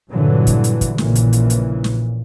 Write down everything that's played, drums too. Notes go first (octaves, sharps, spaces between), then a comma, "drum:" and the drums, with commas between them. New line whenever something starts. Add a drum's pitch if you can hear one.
G2 A#2 D3 E3 F#3
drum: kick, hi-hat
drum: hi-hat
drum: kick, hi-hat
A#1 A#2 C#3 E3, drum: snare
drum: hi-hat
drum: hi-hat
drum: hi-hat
drum: snare